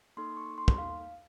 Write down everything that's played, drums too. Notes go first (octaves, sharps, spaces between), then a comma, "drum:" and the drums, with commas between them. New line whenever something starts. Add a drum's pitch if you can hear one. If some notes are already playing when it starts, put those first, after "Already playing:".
A#3 D#4 A4 C6
C#6
C6
drum: kick
F5